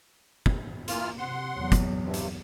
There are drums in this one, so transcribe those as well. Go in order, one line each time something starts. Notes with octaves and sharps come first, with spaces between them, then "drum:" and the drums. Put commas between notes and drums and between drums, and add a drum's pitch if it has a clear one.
drum: kick
E3 A#3 F4 F6, drum: hi-hat
C3 F#5 C6
E2 F#3
drum: kick, hi-hat
G2 C3
drum: hi-hat